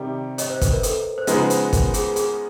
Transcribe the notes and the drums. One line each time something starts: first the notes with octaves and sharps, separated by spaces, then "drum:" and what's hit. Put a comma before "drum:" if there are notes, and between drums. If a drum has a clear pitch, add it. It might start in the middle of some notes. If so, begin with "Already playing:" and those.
Already playing: C3 D#3 G3 D5
C#5 D#5, drum: hi-hat
C5
B4, drum: kick, hi-hat
A#4
A4, drum: hi-hat
C5
C#3 F3 G#3 B3 D#4 B4, drum: hi-hat
C5, drum: hi-hat
A#4, drum: kick, hi-hat
G#4, drum: hi-hat
G#4, drum: hi-hat